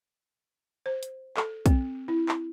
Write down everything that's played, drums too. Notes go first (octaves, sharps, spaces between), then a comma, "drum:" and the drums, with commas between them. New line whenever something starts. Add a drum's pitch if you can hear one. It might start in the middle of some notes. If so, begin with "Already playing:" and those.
C5
drum: hi-hat
A4, drum: clap
C4, drum: kick, hi-hat
E4
drum: clap